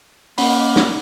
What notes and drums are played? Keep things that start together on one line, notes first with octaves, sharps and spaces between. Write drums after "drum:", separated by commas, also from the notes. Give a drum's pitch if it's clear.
A#3 C#4 F#5 B5, drum: open hi-hat
drum: snare